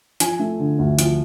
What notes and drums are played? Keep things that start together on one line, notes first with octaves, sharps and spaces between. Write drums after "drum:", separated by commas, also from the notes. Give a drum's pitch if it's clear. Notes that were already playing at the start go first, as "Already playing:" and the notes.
F3 G#5, drum: hi-hat
A3
D3
D2
F3, drum: hi-hat